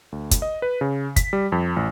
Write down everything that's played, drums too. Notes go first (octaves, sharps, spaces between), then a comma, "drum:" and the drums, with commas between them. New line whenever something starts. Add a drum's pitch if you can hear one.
D2
drum: kick, hi-hat
D#5
B4
C#3
B6, drum: kick, hi-hat
G3
F2
A1